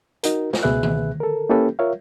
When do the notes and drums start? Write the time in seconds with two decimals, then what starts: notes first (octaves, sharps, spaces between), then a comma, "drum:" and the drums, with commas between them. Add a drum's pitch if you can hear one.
0.23 D#4 F#4 A#4, drum: hi-hat
0.53 drum: snare
0.63 C#2 B2 G#4 B4 E5 F#6
0.83 drum: tom D#3
1.20 A4 A#4
1.49 A#3 C#4 E4 G4 A4 B4
1.79 F4 A#4 C#5 E5 F5